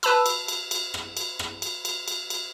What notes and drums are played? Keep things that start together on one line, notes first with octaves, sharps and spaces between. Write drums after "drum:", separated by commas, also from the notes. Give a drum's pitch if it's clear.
B4 A5 B5 E6, drum: cymbal
drum: cymbal
drum: cymbal
drum: cymbal
drum: rim click
drum: cymbal
drum: rim click
drum: cymbal
drum: cymbal
drum: cymbal
drum: cymbal